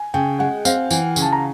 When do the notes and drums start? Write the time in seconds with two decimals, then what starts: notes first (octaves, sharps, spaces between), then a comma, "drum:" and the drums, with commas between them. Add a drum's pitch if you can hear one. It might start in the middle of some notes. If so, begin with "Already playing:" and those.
Already playing: G#5
0.14 C#3 G5
0.39 G#3 F#5
0.65 C4 F5, drum: tambourine
0.91 E3, drum: tambourine
1.16 C#3, drum: tambourine
1.22 A5
1.33 A#5